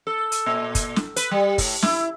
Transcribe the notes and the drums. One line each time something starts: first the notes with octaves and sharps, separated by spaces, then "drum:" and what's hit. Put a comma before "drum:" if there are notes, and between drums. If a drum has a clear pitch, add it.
A4
drum: hi-hat
A#2
drum: kick, hi-hat
drum: snare
B4, drum: hi-hat
G3
A2, drum: kick, open hi-hat
E4, drum: snare